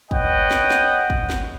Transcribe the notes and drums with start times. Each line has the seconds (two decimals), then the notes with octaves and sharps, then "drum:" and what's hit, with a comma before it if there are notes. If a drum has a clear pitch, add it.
0.11 B4 C#5 D#5 F#5 G5, drum: kick
0.51 drum: snare
0.70 drum: snare
1.10 drum: kick
1.30 drum: snare